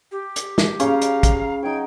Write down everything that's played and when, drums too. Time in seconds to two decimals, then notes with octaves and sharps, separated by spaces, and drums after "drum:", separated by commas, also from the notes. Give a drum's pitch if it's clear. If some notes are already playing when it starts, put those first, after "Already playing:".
0.12 G4
0.36 drum: hi-hat
0.58 drum: snare
0.80 C#3 C#4 F5 A#5, drum: hi-hat
1.01 drum: hi-hat
1.23 drum: kick, hi-hat
1.63 F#3 D#4 G5 G#6